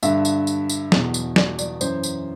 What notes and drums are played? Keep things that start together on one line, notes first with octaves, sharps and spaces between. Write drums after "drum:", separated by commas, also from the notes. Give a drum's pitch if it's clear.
G2 D3 E5, drum: tambourine
drum: tambourine
drum: tambourine
drum: tambourine
E2 B2, drum: snare
drum: tambourine
D5, drum: snare
D5, drum: tambourine
F#2 E3 C5, drum: tambourine
drum: tambourine